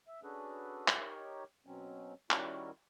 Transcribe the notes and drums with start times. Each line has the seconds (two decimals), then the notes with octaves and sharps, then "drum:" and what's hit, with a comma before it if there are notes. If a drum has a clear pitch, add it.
0.07 E5
0.23 C#4 D4 F#4 G#4 A4 B4
0.88 drum: clap
0.99 D#4 G4 A#4 C#5
1.66 B2 F#3 C4 C#4
2.31 D#3 G3 C#4 E4 F#4 A#4, drum: clap